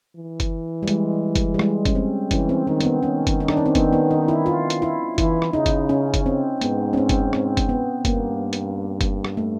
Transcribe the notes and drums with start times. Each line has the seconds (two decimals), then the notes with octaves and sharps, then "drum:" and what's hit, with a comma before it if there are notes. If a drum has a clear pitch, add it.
0.16 E3
0.40 drum: kick F#1, hi-hat
0.83 G3
0.88 G#3, drum: hi-hat
1.35 drum: kick F#1, hi-hat
1.54 G3
1.59 G#3, drum: rim click
1.85 C#4, drum: kick F#1, hi-hat
1.95 C4
2.31 E3 C#4, drum: kick F#1, hi-hat
2.49 C4
2.67 D#3 C4
2.80 C4, drum: hi-hat
2.85 B3
3.03 D#3 C#4
3.27 drum: kick F#1, hi-hat
3.40 D#4
3.48 D4, drum: rim click
3.57 C#4
3.66 C4
3.75 B3, drum: kick F#1, hi-hat
3.93 B3
4.11 D#4
4.28 E4
4.46 F4
4.70 drum: hi-hat
4.82 E4
5.18 E3 E4, drum: kick F#1, hi-hat
5.42 drum: rim click
5.53 C#3 D#4
5.66 drum: kick F#1, hi-hat
5.89 C#4
6.14 drum: kick F#1, hi-hat
6.26 C4
6.61 G#2 B3, drum: hi-hat
6.93 C#4
6.97 C4
7.09 drum: kick F#1, hi-hat
7.33 C4, drum: rim click
7.57 drum: kick F#1, hi-hat
7.69 B3
8.05 G2 A#3, drum: kick F#1, hi-hat
8.53 drum: hi-hat
9.01 drum: kick F#1, hi-hat
9.25 drum: rim click
9.37 A3